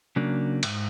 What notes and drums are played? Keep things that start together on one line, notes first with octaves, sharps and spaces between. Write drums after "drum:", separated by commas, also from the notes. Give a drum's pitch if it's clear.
C#3 F#3 A#3 D4
G#2, drum: cymbal